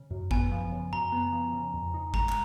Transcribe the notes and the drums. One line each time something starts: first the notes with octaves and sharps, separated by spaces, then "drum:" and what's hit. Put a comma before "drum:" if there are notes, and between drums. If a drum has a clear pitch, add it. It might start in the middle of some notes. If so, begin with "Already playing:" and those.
Already playing: C#3
F#2
B3 G#5, drum: kick
F3
C#3
F#2 A#5
B3
F3
C#3
F2
D#4
G#3 A#5, drum: kick
drum: clap